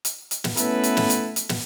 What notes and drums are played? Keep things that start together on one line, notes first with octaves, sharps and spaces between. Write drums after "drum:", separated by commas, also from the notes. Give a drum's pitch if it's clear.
drum: hi-hat
drum: hi-hat
drum: snare
A3 B3 C#4 E4 A4 B4, drum: hi-hat
drum: hi-hat
drum: snare
drum: hi-hat
drum: hi-hat
drum: snare